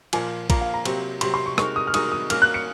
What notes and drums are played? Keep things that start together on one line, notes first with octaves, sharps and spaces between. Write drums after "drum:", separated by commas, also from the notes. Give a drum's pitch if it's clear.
A#2 F3 A#3 G#5, drum: cymbal
A#2 F3 A#3 A#5, drum: kick A#1, cymbal
F5
A#5
C3 F#3 C4, drum: cymbal
C3 F#3 C4 C6, drum: cymbal
C6
C#6
G#3 D#4 F#4 A#4 C#6, drum: rim click
D#6
F6
G#3 D#4 F#4 A#4 D#6, drum: cymbal
D#6
A#3 C#4 F#4 F6, drum: cymbal
F#6
C#7